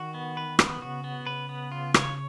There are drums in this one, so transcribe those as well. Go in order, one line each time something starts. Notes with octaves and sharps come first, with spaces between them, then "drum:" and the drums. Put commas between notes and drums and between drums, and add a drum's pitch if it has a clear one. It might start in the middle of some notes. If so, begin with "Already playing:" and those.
Already playing: D#3 F#4
B3
B4
B3, drum: rim click
C#3 F#4
B3
C#3 B4
B3
F4
C#5, drum: rim click